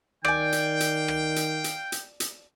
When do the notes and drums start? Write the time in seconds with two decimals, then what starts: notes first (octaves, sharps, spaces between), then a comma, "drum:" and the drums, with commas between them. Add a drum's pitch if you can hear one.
0.25 D#3 D5 F5 G5 G#5 G6, drum: rim click
0.52 drum: hi-hat
0.80 drum: hi-hat
1.08 drum: rim click
1.36 drum: hi-hat
1.64 drum: hi-hat
1.92 drum: hi-hat
2.20 drum: hi-hat